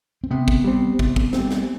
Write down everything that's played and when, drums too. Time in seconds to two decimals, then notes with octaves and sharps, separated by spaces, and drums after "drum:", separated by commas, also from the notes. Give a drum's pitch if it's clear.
0.24 C4
0.31 C3 B3
0.48 drum: kick
0.64 G3 C4
0.99 C3, drum: kick
1.16 drum: kick
1.33 C4, drum: snare
1.38 G3
1.51 drum: snare